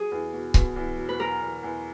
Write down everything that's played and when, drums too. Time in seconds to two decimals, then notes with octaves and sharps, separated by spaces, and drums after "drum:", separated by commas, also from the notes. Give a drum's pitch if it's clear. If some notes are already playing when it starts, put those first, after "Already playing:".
Already playing: F#3 G#4
0.11 E2
0.33 B2
0.54 B2, drum: kick C#1
0.76 E2
0.98 F#3
1.09 B4
1.20 F#3 A#4
1.42 E2
1.63 E2